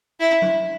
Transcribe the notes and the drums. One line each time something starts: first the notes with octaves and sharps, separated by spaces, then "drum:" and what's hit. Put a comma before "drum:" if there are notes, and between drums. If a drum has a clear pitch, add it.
E4
drum: tom F#3